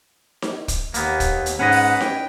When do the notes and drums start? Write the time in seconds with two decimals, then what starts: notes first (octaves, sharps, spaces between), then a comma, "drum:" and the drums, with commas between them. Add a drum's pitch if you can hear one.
0.42 drum: snare D#4
0.68 drum: kick, hi-hat
0.94 D#2 A#3 B3, drum: hi-hat
1.20 drum: kick, hi-hat
1.46 drum: hi-hat
1.59 G#2 C#4 B4 D#5 F#5
1.72 drum: open hi-hat
2.01 G5, drum: snare D#4